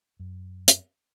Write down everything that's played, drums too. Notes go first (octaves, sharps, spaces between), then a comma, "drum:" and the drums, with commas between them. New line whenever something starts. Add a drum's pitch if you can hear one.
F#2
drum: hi-hat